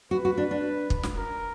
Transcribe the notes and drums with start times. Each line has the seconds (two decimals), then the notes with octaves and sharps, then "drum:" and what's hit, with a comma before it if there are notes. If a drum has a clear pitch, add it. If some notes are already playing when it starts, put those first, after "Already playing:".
0.11 F#4 B4
0.25 F#4
0.38 D4
0.51 D4
0.90 drum: kick
1.03 drum: snare
1.17 A#4